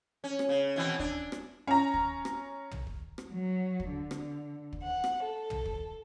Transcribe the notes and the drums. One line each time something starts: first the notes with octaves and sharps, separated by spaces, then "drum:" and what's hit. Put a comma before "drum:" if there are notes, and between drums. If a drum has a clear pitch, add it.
C#4
drum: rim click
C#3
B2 E3 C4
D4, drum: kick
drum: rim click
C#4 A#5
drum: kick
drum: rim click
drum: tom
drum: kick
drum: rim click
F#3
drum: kick
D3
drum: rim click
drum: kick
F#5
drum: rim click
A4
drum: tom
drum: kick